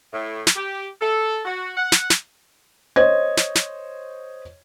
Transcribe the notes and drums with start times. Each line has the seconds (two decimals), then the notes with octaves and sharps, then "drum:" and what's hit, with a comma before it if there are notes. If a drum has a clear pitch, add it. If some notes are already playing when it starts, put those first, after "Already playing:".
0.13 A2
0.47 drum: snare
0.56 G4
1.01 A4
1.45 F#4
1.76 F#5
1.92 drum: snare
2.10 drum: snare
2.96 C5 C#5 D#5 G#6
3.37 drum: snare
3.55 drum: snare